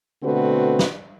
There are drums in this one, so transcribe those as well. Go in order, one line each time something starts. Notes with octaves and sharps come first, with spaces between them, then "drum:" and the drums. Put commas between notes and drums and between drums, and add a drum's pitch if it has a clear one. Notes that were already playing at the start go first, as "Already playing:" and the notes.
B2 D3 A3 C4 F#4 B4
drum: snare